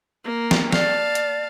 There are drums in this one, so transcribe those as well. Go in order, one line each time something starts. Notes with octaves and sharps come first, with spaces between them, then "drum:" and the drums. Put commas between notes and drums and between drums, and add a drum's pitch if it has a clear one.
A#3
drum: snare
D5 F5 A5, drum: snare
drum: hi-hat